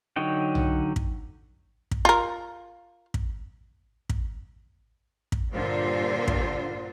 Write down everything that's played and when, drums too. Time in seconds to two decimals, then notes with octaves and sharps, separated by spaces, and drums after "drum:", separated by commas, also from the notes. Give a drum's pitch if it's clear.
0.16 D3 F#3 D#4 C#5 G5
0.55 drum: tom B1
0.96 drum: kick
1.91 drum: kick
2.05 F4 A#4
3.14 drum: kick
4.09 drum: kick
5.32 drum: kick
5.52 G2 A#2 D3 F4 C5
6.28 drum: kick